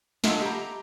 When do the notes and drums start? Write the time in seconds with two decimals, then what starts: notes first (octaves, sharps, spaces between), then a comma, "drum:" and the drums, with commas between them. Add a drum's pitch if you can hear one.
0.24 F#3 G#3 D4 F4 A4 E5, drum: snare
0.41 G4 A#5